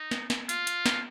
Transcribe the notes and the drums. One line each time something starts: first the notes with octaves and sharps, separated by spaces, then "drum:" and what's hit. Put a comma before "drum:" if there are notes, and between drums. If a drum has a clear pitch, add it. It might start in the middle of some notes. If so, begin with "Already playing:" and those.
Already playing: D#4
drum: snare
drum: snare
F4, drum: hi-hat
drum: hi-hat
drum: snare